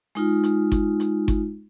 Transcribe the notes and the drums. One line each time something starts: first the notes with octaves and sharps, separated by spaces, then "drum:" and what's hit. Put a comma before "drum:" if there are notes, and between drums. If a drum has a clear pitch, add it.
G#3 D#4 F4, drum: hi-hat
drum: hi-hat
drum: kick G1, hi-hat
drum: hi-hat
drum: kick G1, hi-hat